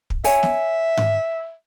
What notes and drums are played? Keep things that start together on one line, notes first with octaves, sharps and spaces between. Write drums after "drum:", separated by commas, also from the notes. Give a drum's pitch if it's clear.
drum: kick
C#5 E5 G#5, drum: open hi-hat
drum: snare
drum: tom G#2